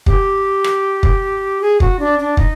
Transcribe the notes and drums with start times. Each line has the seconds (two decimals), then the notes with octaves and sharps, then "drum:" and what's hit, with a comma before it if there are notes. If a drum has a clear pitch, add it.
0.06 G4, drum: kick
0.64 drum: rim click
1.03 drum: kick
1.61 G#4
1.80 F#4, drum: kick
1.99 D4
2.19 D4
2.37 D#4, drum: kick